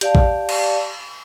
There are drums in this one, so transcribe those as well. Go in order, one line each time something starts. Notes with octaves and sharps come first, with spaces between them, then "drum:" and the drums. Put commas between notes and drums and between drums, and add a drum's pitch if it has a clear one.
G4 D5 F5 A5, drum: hi-hat
drum: kick A#1
drum: cymbal